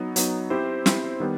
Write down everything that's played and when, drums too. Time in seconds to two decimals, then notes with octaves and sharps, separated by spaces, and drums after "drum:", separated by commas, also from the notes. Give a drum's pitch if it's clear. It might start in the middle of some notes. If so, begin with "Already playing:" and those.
Already playing: F#3 B3 D#4
0.16 F#3 B3 D#4, drum: hi-hat
0.50 C4 E4 G4 C5
0.86 C4 E4 G4 C5, drum: snare
1.20 D#3 G3 B3